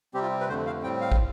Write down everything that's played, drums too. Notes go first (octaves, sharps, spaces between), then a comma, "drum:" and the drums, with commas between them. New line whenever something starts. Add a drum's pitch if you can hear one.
C3 G3 C4 G4
F4
B4
F2 D3 A3 C5
F5
A2 G3 C4 G5
F5
drum: kick